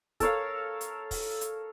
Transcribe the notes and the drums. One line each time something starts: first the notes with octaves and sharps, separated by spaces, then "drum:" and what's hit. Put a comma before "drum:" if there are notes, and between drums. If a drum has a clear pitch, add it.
A4 A#4 C#5 F5, drum: kick, hi-hat
drum: hi-hat
drum: kick, open hi-hat
drum: hi-hat